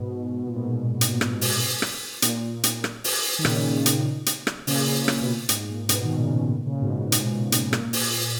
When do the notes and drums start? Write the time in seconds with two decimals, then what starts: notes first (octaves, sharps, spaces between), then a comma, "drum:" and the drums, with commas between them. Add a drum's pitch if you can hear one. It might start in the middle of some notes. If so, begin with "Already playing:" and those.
Already playing: G#2 B2
0.39 B2
0.46 A#2
0.54 G#2 B2
1.01 A#2, drum: hi-hat
1.21 drum: rim click
1.41 drum: open hi-hat
1.82 drum: rim click
2.22 A#2, drum: hi-hat
2.64 drum: hi-hat
2.84 drum: rim click
3.04 drum: open hi-hat
3.39 D#3
3.45 A#2 C#3, drum: rim click
3.86 drum: hi-hat
4.26 drum: hi-hat
4.47 drum: rim click
4.67 A#2 C#3, drum: open hi-hat
4.98 A#2
5.08 drum: rim click
5.21 B2
5.28 A#2
5.49 G#2, drum: hi-hat
5.69 A#2
5.89 G#2 B2, drum: hi-hat
6.04 B2 D#3
6.20 A#2 C#3
6.35 G#2 B2
6.50 A#2 C#3
6.65 A#2 C#3
6.81 G#2 B2
6.97 A#2
7.12 G#2, drum: hi-hat
7.52 drum: hi-hat
7.73 A#2, drum: rim click
7.93 drum: open hi-hat